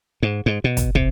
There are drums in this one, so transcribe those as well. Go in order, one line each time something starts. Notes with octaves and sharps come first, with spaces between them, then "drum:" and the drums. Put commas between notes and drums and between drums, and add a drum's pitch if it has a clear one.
G#2
G#2
B2
drum: kick, hi-hat
C3, drum: kick